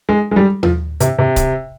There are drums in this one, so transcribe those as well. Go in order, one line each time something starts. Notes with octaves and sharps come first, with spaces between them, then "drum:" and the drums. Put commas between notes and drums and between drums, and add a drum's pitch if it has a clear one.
G#3
G#3
G3
F3, drum: tom D#2
C3, drum: hi-hat
C3
drum: kick C#1, hi-hat